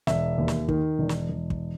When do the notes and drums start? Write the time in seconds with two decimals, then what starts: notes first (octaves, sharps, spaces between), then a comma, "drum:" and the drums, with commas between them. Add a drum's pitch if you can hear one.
0.07 E1 E5, drum: snare
0.38 D#2
0.48 drum: snare
0.68 D#3, drum: kick
0.99 E1
1.09 drum: snare
1.29 E1
1.50 drum: kick